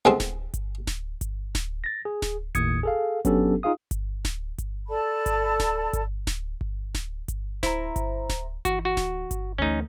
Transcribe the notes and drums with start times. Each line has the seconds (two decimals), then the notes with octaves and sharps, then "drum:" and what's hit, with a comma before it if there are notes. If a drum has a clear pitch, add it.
0.05 C2 D3 G#3 B3 C4
0.20 drum: snare D1
0.54 drum: kick G1, hi-hat
0.87 drum: snare D1
1.21 drum: kick G1, hi-hat
1.55 drum: snare D1
1.84 A6 A#6
2.05 G#4
2.22 drum: snare D1
2.55 D#2 A2 D#6 G#6 C#7, drum: kick G1, hi-hat
2.83 G#4 A4 F5
3.25 F#3 B3 C#4 D4 G4 A4, drum: kick G1, hi-hat
3.63 D#4 F4 G#4 F5 D#6
3.91 drum: kick G1, hi-hat
4.25 drum: snare D1
4.58 drum: kick G1, hi-hat
4.87 A4 D5 A5 B5
5.26 drum: kick G1, hi-hat
5.60 drum: snare D1
5.93 drum: kick G1, hi-hat
6.27 drum: snare D1
6.61 drum: kick G1
6.95 drum: snare D1
7.28 drum: kick G1, hi-hat
7.63 E4 C5 E5 A#5, drum: snare D1
7.96 drum: kick G1, hi-hat
8.29 drum: snare D1
8.65 E3 F#4, drum: kick G1, hi-hat
8.85 F#4
8.97 drum: snare D1
9.31 drum: kick G1, hi-hat
9.58 D2 E3 A3 C#4 D#4